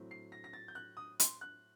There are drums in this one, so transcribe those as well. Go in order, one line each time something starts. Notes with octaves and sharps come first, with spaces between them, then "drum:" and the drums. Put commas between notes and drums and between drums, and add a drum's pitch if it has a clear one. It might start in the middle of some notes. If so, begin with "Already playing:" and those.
Already playing: A2 F#3 C4
C7
A#6
A#6
A6
G6
F#6
D#6
C6, drum: hi-hat
F#6